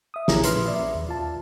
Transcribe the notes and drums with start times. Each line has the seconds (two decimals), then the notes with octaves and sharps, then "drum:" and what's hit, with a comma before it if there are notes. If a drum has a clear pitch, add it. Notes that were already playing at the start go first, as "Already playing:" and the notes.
0.14 E5 D#6
0.28 A#1 A#3 C#4 E4 G#4 A#5, drum: snare
0.43 A#2 B4 C6 F6, drum: hi-hat
0.66 D5 E5
0.95 D#2
1.09 F4 A5